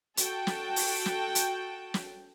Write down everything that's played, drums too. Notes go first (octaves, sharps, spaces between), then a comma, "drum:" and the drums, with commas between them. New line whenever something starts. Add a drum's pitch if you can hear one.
F#4 A4 G5 A5, drum: hi-hat
drum: snare
drum: open hi-hat
drum: snare
drum: hi-hat
drum: snare